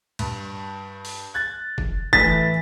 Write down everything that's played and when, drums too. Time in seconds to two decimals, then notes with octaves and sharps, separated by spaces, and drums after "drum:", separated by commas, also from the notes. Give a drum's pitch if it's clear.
0.19 G2, drum: cymbal
1.05 drum: open hi-hat
1.34 F#6 G#6 A6
1.78 drum: kick
2.13 A2 E3 A3 A6 B6, drum: kick